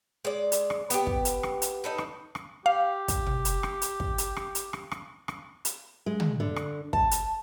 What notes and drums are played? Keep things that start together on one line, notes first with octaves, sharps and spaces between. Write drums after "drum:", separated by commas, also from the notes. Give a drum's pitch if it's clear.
G#3 D5
drum: hi-hat
drum: rim click
B3 G4, drum: hi-hat
drum: kick
drum: hi-hat
drum: rim click
drum: hi-hat
D#4 A4 B4
drum: rim click
drum: rim click
G4 F5
drum: kick, hi-hat
drum: tom
drum: hi-hat
drum: rim click
drum: hi-hat
drum: kick
drum: hi-hat
drum: rim click
drum: hi-hat
drum: rim click
drum: rim click
drum: rim click
drum: hi-hat
G#3
drum: tom
D3
drum: rim click
A5, drum: kick
drum: hi-hat